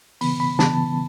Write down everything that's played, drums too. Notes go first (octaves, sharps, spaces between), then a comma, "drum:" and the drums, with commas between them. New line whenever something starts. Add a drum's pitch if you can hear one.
C#3 E3 B3 B5, drum: open hi-hat
B5
C#3 E3 B3 A5, drum: snare